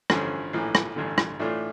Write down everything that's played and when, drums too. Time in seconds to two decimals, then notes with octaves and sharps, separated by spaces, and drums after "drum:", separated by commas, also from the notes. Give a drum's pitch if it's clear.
0.10 A1 G2 D3 F3 C#4, drum: rim click
0.53 A#1 A2 E3
0.75 drum: rim click
0.96 A1 G2 D3
1.18 drum: rim click
1.39 A2 E3 A3 D4 F4